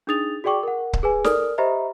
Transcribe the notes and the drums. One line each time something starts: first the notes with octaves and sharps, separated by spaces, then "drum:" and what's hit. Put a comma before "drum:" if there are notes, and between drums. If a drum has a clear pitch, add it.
D4 D#4 G#4 D#6 A6 F7
F#4 G#4 D5 G5 C#6 D6
A#4 F#5
drum: kick C#1
G#4 B4 G#5
A4 A#4 D5 D#6 F6, drum: snare
G4 C5 D#5 E5 A#5 B5